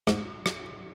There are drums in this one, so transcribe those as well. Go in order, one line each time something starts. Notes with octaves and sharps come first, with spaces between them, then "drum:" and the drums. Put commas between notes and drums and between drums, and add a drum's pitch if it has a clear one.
G#2, drum: rim click
drum: rim click